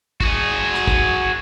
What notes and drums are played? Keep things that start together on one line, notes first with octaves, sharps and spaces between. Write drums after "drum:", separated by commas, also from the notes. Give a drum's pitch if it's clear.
F#4 G#4, drum: kick
drum: rim click
drum: kick